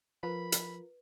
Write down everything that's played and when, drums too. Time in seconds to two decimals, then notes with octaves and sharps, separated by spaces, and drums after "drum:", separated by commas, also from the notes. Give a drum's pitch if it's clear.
0.23 F3 F4 A#4 B4 B5
0.52 drum: hi-hat